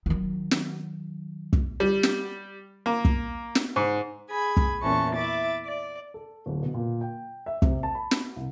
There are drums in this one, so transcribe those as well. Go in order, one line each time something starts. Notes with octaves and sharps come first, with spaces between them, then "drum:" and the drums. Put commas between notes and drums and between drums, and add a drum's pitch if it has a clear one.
D#3 F#3
drum: snare
drum: kick
G3
drum: snare
A#3
drum: kick
drum: snare
G#2
G#4 B5 G#6
drum: kick
E2 A#2 E3 C#4 A5 C#6
E4 E5 D6 A6
D5
A4
D1
B2
A#2
G5
E5
C3, drum: kick
A5
B5
drum: snare
C2